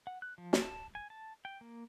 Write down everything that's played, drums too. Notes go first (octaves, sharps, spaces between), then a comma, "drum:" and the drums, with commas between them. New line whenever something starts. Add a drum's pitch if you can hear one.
F#5
F#6
F3
drum: snare
A5
G#5
A5
G5
A#3